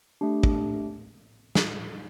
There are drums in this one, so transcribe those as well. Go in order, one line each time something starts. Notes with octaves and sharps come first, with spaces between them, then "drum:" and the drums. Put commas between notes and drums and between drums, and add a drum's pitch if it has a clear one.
A3 D4 G4
drum: kick
drum: snare